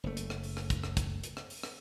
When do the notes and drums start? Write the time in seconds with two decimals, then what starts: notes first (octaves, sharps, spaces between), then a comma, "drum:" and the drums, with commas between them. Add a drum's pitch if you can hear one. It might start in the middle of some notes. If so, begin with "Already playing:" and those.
0.04 F#1 A3
0.17 drum: hi-hat
0.30 drum: rim click
0.44 drum: open hi-hat
0.57 drum: rim click
0.70 drum: kick, hi-hat
0.84 drum: rim click
0.97 drum: kick, hi-hat
1.23 drum: hi-hat
1.37 drum: rim click
1.50 drum: open hi-hat
1.63 drum: rim click